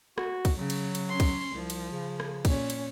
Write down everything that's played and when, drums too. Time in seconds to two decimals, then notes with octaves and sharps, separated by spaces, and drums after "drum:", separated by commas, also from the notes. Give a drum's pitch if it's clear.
0.18 F#4, drum: rim click
0.45 drum: kick, cymbal
0.57 C#3 F#3
0.70 drum: cymbal
0.95 drum: cymbal
1.08 C#4 C6
1.20 drum: kick, cymbal
1.53 C2 F3
1.70 drum: cymbal
1.91 C#3
2.20 drum: rim click
2.45 A#2 C#4, drum: kick, cymbal
2.70 drum: cymbal